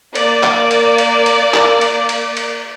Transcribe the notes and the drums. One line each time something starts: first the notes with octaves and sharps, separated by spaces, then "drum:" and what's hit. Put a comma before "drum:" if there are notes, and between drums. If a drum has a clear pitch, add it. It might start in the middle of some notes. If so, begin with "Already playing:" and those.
A#3 D5, drum: cymbal
drum: clap
drum: cymbal
drum: cymbal
drum: cymbal
drum: clap
drum: cymbal
drum: cymbal
drum: cymbal